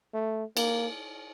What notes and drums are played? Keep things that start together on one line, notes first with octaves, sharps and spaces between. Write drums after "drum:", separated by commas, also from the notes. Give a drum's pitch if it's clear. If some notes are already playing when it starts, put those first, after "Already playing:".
A3
A#3, drum: cymbal